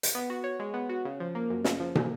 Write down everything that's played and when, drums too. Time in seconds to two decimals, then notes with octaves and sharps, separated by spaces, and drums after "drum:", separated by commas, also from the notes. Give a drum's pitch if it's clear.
0.03 drum: hi-hat
0.15 B3
0.30 F#4
0.44 C#5
0.59 G#3
0.74 B3
0.89 F#4
1.05 C#3
1.20 F3
1.35 A#3
1.50 F#2
1.64 C#3, drum: snare
1.80 F3
1.95 A#3, drum: tom